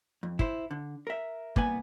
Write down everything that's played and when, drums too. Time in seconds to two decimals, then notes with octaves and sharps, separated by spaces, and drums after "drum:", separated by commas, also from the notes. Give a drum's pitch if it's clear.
0.23 F2
0.39 E4 C5, drum: kick
0.71 D3
1.07 A#4 E5
1.56 C2 A#3 B3 B4 G#5, drum: kick